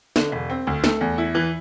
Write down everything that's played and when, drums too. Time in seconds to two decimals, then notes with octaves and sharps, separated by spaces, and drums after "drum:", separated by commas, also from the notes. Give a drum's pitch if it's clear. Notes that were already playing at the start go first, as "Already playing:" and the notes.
0.16 D3, drum: snare
0.32 E1
0.50 C4
0.67 D2
0.84 A3, drum: snare
1.01 E2
1.18 E4
1.35 E3